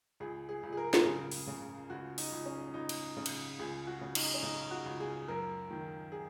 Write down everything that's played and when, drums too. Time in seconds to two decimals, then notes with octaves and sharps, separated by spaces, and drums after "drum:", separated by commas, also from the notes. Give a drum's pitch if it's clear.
0.20 C#2 G#4
0.49 G#4
0.63 C#2
0.72 G#4
0.77 A#4
0.94 drum: snare
1.05 C#3 G#4
1.31 drum: open hi-hat
1.47 C#3
1.90 C#2 F#4
2.18 D#4, drum: open hi-hat
2.32 C#2
2.46 C#4
2.74 C#2 D#4
2.89 drum: cymbal
3.17 C#3
3.26 drum: cymbal
3.59 C#2 G#4
3.87 F#4
4.01 C#3
4.15 D#4, drum: cymbal
4.34 C#4
4.43 C#3 D#4
4.71 F#4
4.86 C#2
5.00 G#4
5.28 F#2 A#4
5.71 D#3
6.12 G#4